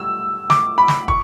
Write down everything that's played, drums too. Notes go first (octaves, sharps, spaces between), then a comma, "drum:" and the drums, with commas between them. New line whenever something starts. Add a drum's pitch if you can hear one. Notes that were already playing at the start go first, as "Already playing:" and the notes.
Already playing: G3 E6
D6, drum: snare
B5
drum: snare
C#6, drum: kick